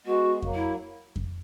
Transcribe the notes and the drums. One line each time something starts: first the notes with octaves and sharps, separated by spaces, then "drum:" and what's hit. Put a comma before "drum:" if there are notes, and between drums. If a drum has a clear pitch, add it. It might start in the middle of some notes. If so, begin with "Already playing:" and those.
G#3 B3 F#4
F#3 A#3, drum: kick F2
E4
drum: kick F2